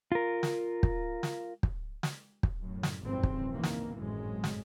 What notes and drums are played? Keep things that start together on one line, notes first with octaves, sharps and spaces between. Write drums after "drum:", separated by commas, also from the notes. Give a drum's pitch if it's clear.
F4 A#4
drum: snare
drum: kick
drum: snare
drum: kick
drum: snare
drum: kick
F#2 A2
drum: snare
G#1 F#2 C3 E3 C4
drum: kick
C#2 D#3 E3 A#3
drum: snare
G#1 F#2 A2 G#3
drum: snare